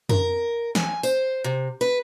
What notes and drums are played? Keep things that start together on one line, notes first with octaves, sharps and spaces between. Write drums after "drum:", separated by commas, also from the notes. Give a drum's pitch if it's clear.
A#4, drum: tom
G#5, drum: snare
C5, drum: tambourine
C3
B4